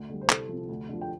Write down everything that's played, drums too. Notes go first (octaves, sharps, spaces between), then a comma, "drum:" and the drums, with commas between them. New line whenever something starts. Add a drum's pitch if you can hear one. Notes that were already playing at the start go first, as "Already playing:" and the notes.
Already playing: D2
D3 G3
C5
C2 A4, drum: clap
C3 F3
D2
D3 F3
G5